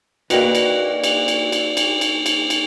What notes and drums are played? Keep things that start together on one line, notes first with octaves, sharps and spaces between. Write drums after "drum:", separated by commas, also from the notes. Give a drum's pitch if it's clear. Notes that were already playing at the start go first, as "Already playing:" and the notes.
A#3 F#4 B4 D5 D#5 G5, drum: cymbal
drum: cymbal
drum: cymbal
drum: cymbal
drum: cymbal
drum: cymbal
drum: cymbal
drum: cymbal
drum: cymbal